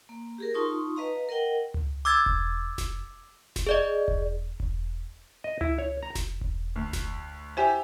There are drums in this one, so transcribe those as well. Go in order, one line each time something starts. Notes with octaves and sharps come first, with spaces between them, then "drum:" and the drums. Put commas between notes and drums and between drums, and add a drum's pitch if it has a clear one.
A#3
G4 G#4 A#4
D#4 F4 A5 C6 C#6 D#6
B4 D#5 F5 A#5
A#4 D#5 F#5 G5
drum: tom C#2
D6 E6 G#6 A6
drum: kick E1
drum: snare F1
drum: snare F1
G#4 D5 D#5
drum: kick E1
drum: kick E1
D#5
E4, drum: tom C#2
C#5
A#5
drum: snare F1
drum: kick E1
D2
drum: snare F1
E4 G4 C5 G#5